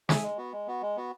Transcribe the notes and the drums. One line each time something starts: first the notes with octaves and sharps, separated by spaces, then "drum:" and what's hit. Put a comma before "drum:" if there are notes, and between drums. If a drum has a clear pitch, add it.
G#4 E5 G#5, drum: snare
G#3
B3 F#4
G#3
B3 F#4
G#3
B3 F#4